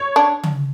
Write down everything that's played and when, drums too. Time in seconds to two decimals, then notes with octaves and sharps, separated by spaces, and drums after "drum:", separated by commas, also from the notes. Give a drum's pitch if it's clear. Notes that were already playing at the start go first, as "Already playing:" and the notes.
Already playing: C#5
0.16 D4
0.43 drum: tom C#3